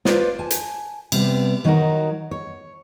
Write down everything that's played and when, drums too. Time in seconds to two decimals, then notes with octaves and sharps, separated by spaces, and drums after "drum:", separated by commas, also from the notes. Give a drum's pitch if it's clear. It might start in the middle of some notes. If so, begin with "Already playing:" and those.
0.05 F4 B4 C5 D5 F5, drum: snare
0.39 G#5 A5
0.51 drum: hi-hat
1.12 C3 G3 B3, drum: cymbal
1.64 D#3 F#3 D#4 E4 F#4 A#4
2.31 C#5